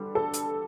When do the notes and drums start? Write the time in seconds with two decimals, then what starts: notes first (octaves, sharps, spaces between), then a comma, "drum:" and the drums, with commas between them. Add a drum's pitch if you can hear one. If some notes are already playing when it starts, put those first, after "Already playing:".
Already playing: D3 G3
0.15 A4
0.33 drum: hi-hat